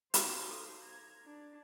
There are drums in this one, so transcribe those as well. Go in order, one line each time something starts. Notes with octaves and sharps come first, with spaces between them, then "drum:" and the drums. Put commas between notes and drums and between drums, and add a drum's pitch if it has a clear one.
D#4 F#4 C5 F5 D6, drum: hi-hat
A4 D6
A#5 G#6
D4